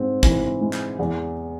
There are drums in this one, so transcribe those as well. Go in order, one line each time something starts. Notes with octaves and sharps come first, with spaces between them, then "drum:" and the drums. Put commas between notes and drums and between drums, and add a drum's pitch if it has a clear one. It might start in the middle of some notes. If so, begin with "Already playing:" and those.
Already playing: G#2 C4
E3, drum: kick
G#3
drum: clap
E2